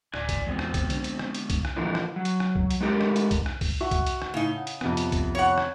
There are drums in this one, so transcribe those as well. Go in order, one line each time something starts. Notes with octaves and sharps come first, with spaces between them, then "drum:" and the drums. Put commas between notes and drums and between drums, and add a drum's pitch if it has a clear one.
D1 D5 G#5, drum: rim click
drum: kick C2, hi-hat
A#1 E2 F3 G#3 B3 C4
drum: rim click
drum: kick C2, hi-hat
D3 F3 D4, drum: hi-hat
drum: hi-hat
drum: rim click
drum: hi-hat
drum: kick C2, hi-hat
drum: rim click
A#2 D3 E3 F3
drum: rim click
F#3
drum: hi-hat
drum: rim click
drum: kick C2
drum: hi-hat
G#3 A3 D#4 G4 A#4
drum: rim click
drum: hi-hat
drum: kick C2, hi-hat
drum: rim click
drum: kick C2, open hi-hat
F#4 E5 F#5
drum: kick C2, hi-hat
drum: hi-hat
drum: rim click
A2 C#3 D#4
F#5
drum: hi-hat
F2 C3 B3, drum: rim click
drum: hi-hat
drum: kick C2, hi-hat
C#5 F#5
drum: rim click